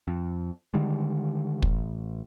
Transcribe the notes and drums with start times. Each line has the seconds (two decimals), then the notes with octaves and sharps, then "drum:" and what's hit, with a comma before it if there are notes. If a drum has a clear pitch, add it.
0.08 F2
0.74 D3 D#3 G3 G#3
1.62 A1, drum: kick